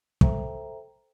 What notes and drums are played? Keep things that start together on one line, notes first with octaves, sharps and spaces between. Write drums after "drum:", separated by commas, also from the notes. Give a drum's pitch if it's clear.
A4 C5 E5 G5 A#5, drum: kick